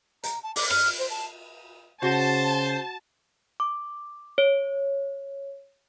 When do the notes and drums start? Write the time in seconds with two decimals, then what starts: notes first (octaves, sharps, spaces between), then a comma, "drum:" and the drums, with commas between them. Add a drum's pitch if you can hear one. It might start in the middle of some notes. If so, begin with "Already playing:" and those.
0.24 A#5, drum: hi-hat
0.43 A5
0.56 D6, drum: open hi-hat
0.70 F6, drum: rim click
0.86 drum: cymbal
0.99 C5
1.10 A5
2.03 C#3 F#4 C5 A5
3.60 D6
4.38 C#5